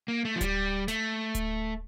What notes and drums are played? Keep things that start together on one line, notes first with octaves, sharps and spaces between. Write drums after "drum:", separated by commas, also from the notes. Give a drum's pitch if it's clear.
A#3
A3
F3
G3, drum: kick D1, hi-hat
A3, drum: snare
drum: kick D1, hi-hat